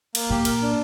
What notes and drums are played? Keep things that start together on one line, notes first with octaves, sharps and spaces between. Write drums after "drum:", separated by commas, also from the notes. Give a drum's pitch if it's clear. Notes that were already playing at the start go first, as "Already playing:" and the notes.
A#3, drum: cymbal
A#2 G4
A#4, drum: cymbal
D4